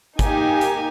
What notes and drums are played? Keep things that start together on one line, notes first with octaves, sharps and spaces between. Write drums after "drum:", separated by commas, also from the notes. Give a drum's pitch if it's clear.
A#3 D#4 G4 G#5, drum: kick, hi-hat
drum: hi-hat